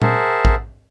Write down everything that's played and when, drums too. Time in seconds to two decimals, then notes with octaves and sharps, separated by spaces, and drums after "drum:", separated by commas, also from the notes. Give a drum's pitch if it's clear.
0.02 G#4 A#4 C5 E5 F#5 A5, drum: tom A#2
0.45 drum: kick